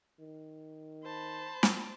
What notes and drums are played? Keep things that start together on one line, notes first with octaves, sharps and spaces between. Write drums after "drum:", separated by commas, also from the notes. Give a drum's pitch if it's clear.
D#3
C5 A5 B5
drum: snare